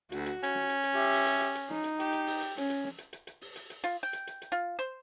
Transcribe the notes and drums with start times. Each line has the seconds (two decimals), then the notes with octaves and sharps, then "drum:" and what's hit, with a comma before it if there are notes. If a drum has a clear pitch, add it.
0.12 D2 F#4, drum: hi-hat
0.26 drum: hi-hat
0.43 C#4, drum: hi-hat
0.55 drum: snare
0.69 drum: hi-hat
0.84 drum: hi-hat
0.95 G4 E5
1.12 drum: open hi-hat
1.26 drum: hi-hat
1.41 drum: hi-hat
1.55 drum: hi-hat
1.70 D#4, drum: snare
1.84 drum: hi-hat
2.00 G4, drum: hi-hat
2.12 drum: hi-hat
2.27 drum: open hi-hat
2.41 drum: hi-hat
2.58 C#4, drum: hi-hat
2.70 drum: hi-hat
2.84 drum: snare
2.98 drum: hi-hat
3.13 drum: hi-hat
3.27 drum: hi-hat
3.41 drum: open hi-hat
3.56 drum: hi-hat
3.70 drum: hi-hat
3.84 F4, drum: hi-hat
4.03 G5
4.13 drum: hi-hat
4.27 drum: hi-hat
4.42 drum: hi-hat
4.52 F4
4.79 C5